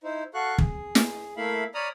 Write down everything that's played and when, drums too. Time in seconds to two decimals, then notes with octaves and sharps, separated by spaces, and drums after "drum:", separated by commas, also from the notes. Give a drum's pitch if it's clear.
0.03 D#4 E4 C5
0.34 F#4 A4 F5 C#6 F#6
0.58 G#4, drum: kick
0.95 drum: snare
1.37 A3 A#3 E4 E5 F5 B5
1.74 C#5 D5 A#5 B5 D#6 F6